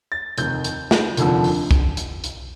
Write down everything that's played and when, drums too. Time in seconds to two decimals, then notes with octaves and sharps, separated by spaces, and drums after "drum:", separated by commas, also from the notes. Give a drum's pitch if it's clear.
0.12 A6
0.38 F1 D#2 D#3 G6, drum: hi-hat
0.64 drum: hi-hat
0.91 drum: snare
1.17 F1 D#2 D3 F3, drum: hi-hat
1.44 drum: open hi-hat
1.71 drum: kick, hi-hat
1.97 drum: hi-hat
2.24 drum: hi-hat